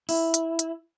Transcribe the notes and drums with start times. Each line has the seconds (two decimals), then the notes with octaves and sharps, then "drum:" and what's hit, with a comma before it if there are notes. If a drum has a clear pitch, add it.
0.09 E4, drum: open hi-hat
0.34 drum: hi-hat
0.59 drum: hi-hat